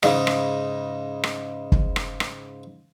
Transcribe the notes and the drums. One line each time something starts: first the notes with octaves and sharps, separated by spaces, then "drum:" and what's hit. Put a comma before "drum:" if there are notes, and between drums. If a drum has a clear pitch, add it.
G#2 C#3 D#5, drum: rim click
drum: rim click
drum: rim click
drum: kick
drum: rim click
drum: rim click